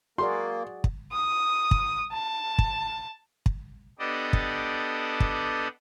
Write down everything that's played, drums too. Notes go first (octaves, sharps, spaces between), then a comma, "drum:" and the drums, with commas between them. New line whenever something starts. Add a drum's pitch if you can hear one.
A#3 F#4 G#4 D5 C6
drum: kick
D#6
drum: kick
A5
drum: kick
drum: kick
B3 D4 G4 A4 D5 D#5
drum: kick
drum: kick